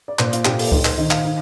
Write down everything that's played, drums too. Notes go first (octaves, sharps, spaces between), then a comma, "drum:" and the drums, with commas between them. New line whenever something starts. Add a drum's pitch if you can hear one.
D5
A#2 C5, drum: clap
F4, drum: hi-hat
A#2 G4, drum: clap
A4, drum: open hi-hat
D#4 C5, drum: kick C#2
C5, drum: clap
D#3 D#5
F5, drum: clap
D#4